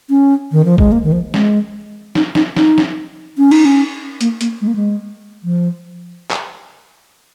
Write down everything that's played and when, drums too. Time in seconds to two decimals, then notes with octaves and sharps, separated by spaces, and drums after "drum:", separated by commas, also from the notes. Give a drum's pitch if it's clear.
0.10 C#4
0.52 D#3
0.65 F3
0.78 G#3, drum: kick
0.92 A#3
1.04 D#3
1.12 F3
1.34 G#3, drum: snare
2.15 D#4, drum: snare
2.35 D#4, drum: snare
2.57 D#4, drum: snare
2.78 drum: snare
3.38 C#4
3.51 D#4, drum: cymbal
3.65 C#4
4.21 A#3, drum: hi-hat
4.41 A#3, drum: hi-hat
4.61 G#3
4.67 A#3
4.76 G#3
5.44 F3
6.31 drum: clap